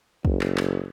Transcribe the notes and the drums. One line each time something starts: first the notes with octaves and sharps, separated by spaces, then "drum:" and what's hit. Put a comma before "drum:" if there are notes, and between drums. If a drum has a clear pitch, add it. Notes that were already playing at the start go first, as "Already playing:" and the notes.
F#1, drum: kick
drum: clap
drum: clap